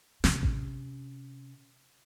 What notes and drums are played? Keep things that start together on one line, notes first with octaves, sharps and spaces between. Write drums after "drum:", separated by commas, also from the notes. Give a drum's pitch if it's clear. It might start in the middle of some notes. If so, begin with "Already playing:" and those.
C3 C#4, drum: snare
drum: kick A1